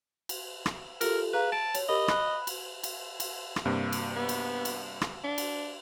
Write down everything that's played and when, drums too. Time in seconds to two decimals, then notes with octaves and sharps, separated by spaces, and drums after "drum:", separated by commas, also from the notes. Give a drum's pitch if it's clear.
0.29 drum: cymbal
0.66 drum: rim click
1.01 F4 G4 A4 A#4, drum: cymbal
1.34 G#4 B4 F5 A#5
1.52 A5 D7
1.75 C#5, drum: cymbal
1.89 G4 A#4 D#5 B5
2.08 B5 F#6, drum: rim click
2.47 drum: cymbal
2.84 drum: cymbal
3.20 drum: cymbal
3.56 drum: rim click
3.66 G2 C3 A#3
3.92 drum: cymbal
4.16 B3
4.29 drum: cymbal
4.65 drum: cymbal
5.01 drum: rim click
5.24 D4
5.38 drum: cymbal